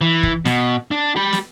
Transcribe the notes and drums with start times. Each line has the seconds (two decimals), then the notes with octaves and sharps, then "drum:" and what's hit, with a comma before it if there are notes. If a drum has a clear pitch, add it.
0.01 E3
0.23 drum: kick
0.45 B2, drum: snare
0.91 D4
1.16 G4 B5
1.33 drum: snare